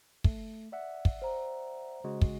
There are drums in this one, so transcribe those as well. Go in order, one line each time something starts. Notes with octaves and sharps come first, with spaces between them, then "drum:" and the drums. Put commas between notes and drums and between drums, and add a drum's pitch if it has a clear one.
A3, drum: kick
D5 E5 F#5
drum: kick
C5 A#5
C#3 G#3 F#4
drum: kick